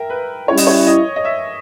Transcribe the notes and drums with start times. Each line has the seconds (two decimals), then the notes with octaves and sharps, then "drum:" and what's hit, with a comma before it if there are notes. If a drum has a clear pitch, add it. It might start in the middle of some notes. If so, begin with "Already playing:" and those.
Already playing: A#4 E5 G5
0.10 B4
0.48 G3 C#4 E4 C#5
0.57 D#5, drum: open hi-hat
0.67 C#5
0.87 D#5
1.16 D#5
1.25 E5